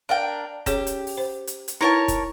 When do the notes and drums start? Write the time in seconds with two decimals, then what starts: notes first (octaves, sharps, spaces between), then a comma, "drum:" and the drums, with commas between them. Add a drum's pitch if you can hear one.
0.09 D4 A#4 F5 G5
0.66 C#4 G4 G#4 C#5, drum: kick, hi-hat
0.87 drum: hi-hat
1.07 drum: open hi-hat
1.17 C5
1.47 drum: hi-hat
1.68 drum: hi-hat
1.81 D#4 E4 A#4 B4 C#5 A5
2.08 drum: kick, hi-hat